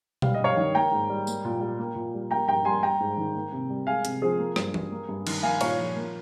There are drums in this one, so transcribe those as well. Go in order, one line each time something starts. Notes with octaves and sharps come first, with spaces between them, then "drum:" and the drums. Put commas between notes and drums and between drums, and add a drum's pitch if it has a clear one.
G3 F5, drum: tom B2
D#5
G2 C#5 F5
D#3
A#3 G5 A#5
G#2
G3
A#3, drum: tambourine
A#2
G3
A#3
A#2
G3
A#3 G5 A#5
G2 G5 A#5
G3 G#5 C6
G3 G5 A#5
G#2
D#3
A#3
C3
G3
G#3 F5 G#5
C3, drum: hi-hat
F3 G#4 C5
A#3
G2, drum: rim click
G3, drum: tom E3
A#3
G2
D#3, drum: cymbal
A#3 F5 G#5
A#2 C#5 F5, drum: cymbal
F3
A#3